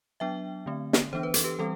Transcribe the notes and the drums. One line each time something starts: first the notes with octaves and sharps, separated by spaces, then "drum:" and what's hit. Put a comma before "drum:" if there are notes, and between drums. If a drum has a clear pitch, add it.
F#3 B3 D4 E5 G5
D3 A3 C4
drum: snare
E3 B3 D4 C5
B4
A4, drum: hi-hat
G4 B4
E3 G3 C4 A4